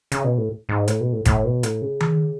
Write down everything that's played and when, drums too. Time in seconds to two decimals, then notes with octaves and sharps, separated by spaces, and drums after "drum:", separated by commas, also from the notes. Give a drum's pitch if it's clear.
0.12 C#3, drum: hi-hat
0.24 B2
0.38 A2
0.69 G#2
0.88 A2, drum: hi-hat
1.01 B2
1.13 A2
1.25 A2, drum: kick G1, hi-hat
1.45 B2
1.63 A2, drum: hi-hat
1.82 C#3
2.00 drum: tom D#3